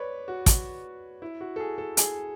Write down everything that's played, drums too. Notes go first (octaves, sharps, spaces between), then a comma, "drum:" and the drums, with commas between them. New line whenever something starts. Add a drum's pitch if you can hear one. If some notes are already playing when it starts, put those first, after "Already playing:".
Already playing: B4 C#5 D5
F#4
F#4, drum: kick, hi-hat
E4
F#4
A4
G#4
A4
G#4, drum: hi-hat